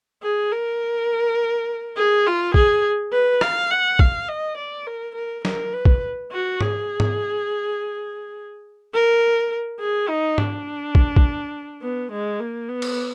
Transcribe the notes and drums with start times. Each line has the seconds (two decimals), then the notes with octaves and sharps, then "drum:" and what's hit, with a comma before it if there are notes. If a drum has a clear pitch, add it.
0.23 G#4
0.52 A#4
1.97 G#4
2.26 F4
2.54 G#4, drum: kick
3.12 B4
3.41 F5, drum: rim click
3.71 F#5
3.99 F5, drum: kick
4.29 D#5
4.57 D5
4.87 A#4
5.15 A#4
5.45 A#4, drum: snare
5.73 B4
5.85 drum: kick
6.32 F#4
6.61 G#4, drum: tom G#2
7.00 drum: tom G#2
8.93 A#4
9.80 G#4
10.08 D#4
10.38 D4, drum: tom G#2
10.95 drum: kick
11.16 drum: kick
11.82 B3
12.11 G#3
12.40 A#3
12.69 B3
12.82 drum: cymbal